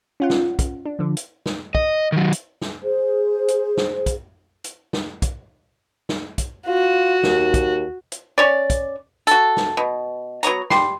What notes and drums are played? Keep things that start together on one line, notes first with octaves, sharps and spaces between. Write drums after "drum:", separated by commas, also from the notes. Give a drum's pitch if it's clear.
C#4 F4 F#5
drum: snare
drum: kick, hi-hat
D4
D3 F3
drum: hi-hat
drum: snare
D#5, drum: kick
D#3 F#3
drum: hi-hat
drum: snare
G#4 C5
drum: hi-hat
drum: snare
drum: kick, hi-hat
drum: hi-hat
drum: snare
drum: kick, hi-hat
drum: snare
drum: kick, hi-hat
F4 F#4
D#2, drum: snare
drum: kick, hi-hat
drum: hi-hat
C#4 C#5 D5
drum: kick, hi-hat
F#4 A4, drum: hi-hat
drum: snare
B2
F#3 B3 C#5 A#5, drum: hi-hat
G3 C6, drum: snare